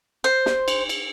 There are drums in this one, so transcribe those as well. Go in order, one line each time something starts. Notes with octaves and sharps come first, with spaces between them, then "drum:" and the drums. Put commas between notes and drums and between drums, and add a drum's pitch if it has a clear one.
C5
drum: snare
drum: cymbal
drum: cymbal